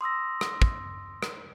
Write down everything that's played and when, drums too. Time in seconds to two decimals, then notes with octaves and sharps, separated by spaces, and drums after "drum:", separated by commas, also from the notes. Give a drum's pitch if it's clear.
0.01 C6 D#6 E6 A#6
0.41 drum: rim click
0.62 drum: kick
1.23 drum: rim click